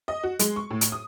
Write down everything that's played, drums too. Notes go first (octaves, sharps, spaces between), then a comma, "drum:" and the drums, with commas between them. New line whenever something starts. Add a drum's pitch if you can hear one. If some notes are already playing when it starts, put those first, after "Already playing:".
D#5
F#4
G#3, drum: hi-hat
C#6
A2
drum: hi-hat
D#6